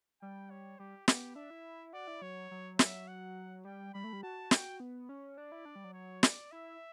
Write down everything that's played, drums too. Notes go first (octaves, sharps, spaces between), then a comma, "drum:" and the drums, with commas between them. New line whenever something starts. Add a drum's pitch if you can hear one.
G3 G5
C#5
G3 G4
B3 G4, drum: snare
D4 E5
E4
F#4 D5
E4
F#3 C#5
F#3
E5, drum: snare
F#5
G3 G5
G3 B5
A3
G3
F#4 A5
G5, drum: snare
B3
C#4
D4 D5
E4
D4
G3
F#3
C#5
D5, drum: snare
E4 E5